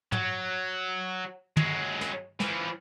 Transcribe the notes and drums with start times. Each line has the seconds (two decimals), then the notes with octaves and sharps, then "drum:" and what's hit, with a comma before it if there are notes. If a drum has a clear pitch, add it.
0.12 F#3, drum: tom
1.57 F#3 G#3, drum: tom
2.01 drum: snare
2.40 E3 F3, drum: snare